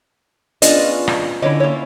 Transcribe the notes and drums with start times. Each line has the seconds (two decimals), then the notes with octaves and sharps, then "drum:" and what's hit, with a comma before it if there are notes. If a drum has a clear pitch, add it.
0.62 B3 C#4 D4 F4 G#4 D#5, drum: hi-hat
1.08 drum: rim click
1.42 D3 C#4 E4 C#5 D#5 D6
1.60 A#3 E4 F4 C#5